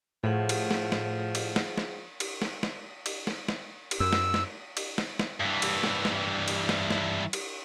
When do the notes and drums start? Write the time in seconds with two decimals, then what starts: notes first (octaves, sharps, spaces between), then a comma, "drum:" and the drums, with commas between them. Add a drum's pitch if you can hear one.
0.24 A2 F3 G#4 F#5
0.49 drum: cymbal
0.71 drum: snare
0.92 drum: snare
1.35 drum: cymbal
1.56 drum: snare
1.78 drum: snare
2.20 drum: cymbal
2.42 drum: snare
2.63 drum: snare
3.06 drum: cymbal
3.27 drum: snare
3.48 drum: snare
3.91 drum: cymbal
4.00 F#2 E6
4.13 drum: snare
4.34 drum: snare
4.77 drum: cymbal
4.98 drum: snare
5.19 drum: snare
5.41 G2 E3
5.62 drum: cymbal
5.84 drum: snare
6.05 drum: snare
6.48 drum: cymbal
6.69 drum: snare
6.90 drum: snare
7.33 drum: cymbal